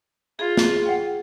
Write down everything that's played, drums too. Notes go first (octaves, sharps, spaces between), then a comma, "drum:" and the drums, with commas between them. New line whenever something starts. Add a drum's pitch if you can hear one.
F4 G#4
drum: snare
F#5 G5